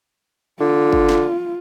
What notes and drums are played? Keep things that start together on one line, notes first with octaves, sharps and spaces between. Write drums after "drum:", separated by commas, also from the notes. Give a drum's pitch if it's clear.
D3 F4
drum: kick G1
drum: snare